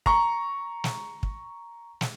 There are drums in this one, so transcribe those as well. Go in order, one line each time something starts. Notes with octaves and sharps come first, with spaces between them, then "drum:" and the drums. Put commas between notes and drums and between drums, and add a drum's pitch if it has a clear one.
A#5 C#6, drum: kick
drum: snare
drum: kick
drum: snare